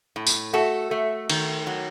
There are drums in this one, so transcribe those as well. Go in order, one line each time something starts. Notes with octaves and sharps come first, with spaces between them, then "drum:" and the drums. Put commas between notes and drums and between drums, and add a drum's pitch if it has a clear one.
A2
drum: tambourine
A3 F#4 A4
A3
D#3, drum: cymbal
F#3